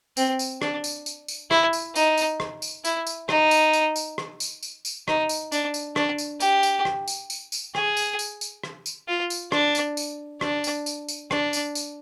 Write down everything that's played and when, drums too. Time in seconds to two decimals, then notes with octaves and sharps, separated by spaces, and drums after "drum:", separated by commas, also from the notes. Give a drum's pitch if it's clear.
0.17 C4, drum: tambourine
0.39 drum: tambourine
0.62 D4, drum: rim click
0.84 drum: tambourine
1.06 drum: tambourine
1.28 drum: tambourine
1.51 E4, drum: rim click
1.73 drum: tambourine
1.96 D#4, drum: tambourine
2.18 drum: tambourine
2.40 drum: rim click
2.62 drum: tambourine
2.85 E4, drum: tambourine
3.07 drum: tambourine
3.29 D#4, drum: rim click
3.51 drum: tambourine
3.73 drum: tambourine
3.96 drum: tambourine
4.18 drum: rim click
4.40 drum: tambourine
4.63 drum: tambourine
4.85 drum: tambourine
5.08 D#4, drum: rim click
5.29 drum: tambourine
5.52 D4, drum: tambourine
5.74 drum: tambourine
5.96 D4, drum: rim click
6.18 drum: tambourine
6.40 G4, drum: tambourine
6.63 drum: tambourine
6.85 drum: rim click
7.08 drum: tambourine
7.30 drum: tambourine
7.52 drum: tambourine
7.75 G#4, drum: rim click
7.97 drum: tambourine
8.19 drum: tambourine
8.41 drum: tambourine
8.63 drum: rim click
8.86 drum: tambourine
9.08 F4
9.30 drum: tambourine
9.52 D4, drum: rim click
9.75 drum: tambourine
9.97 drum: tambourine
10.41 D4, drum: rim click
10.64 drum: tambourine
10.86 drum: tambourine
11.09 drum: tambourine
11.31 D4, drum: rim click
11.53 drum: tambourine
11.75 drum: tambourine